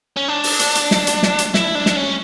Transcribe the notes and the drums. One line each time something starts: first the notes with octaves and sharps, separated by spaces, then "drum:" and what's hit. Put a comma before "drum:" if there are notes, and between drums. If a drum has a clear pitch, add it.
C#4
D4
drum: open hi-hat
drum: hi-hat
drum: hi-hat
drum: snare
drum: hi-hat
drum: snare
drum: hi-hat
E4, drum: snare
D4
drum: snare
C#4